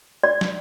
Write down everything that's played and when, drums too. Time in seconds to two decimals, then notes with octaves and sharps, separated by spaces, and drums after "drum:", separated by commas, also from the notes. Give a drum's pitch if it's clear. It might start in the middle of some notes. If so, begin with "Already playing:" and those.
0.23 D5
0.41 drum: snare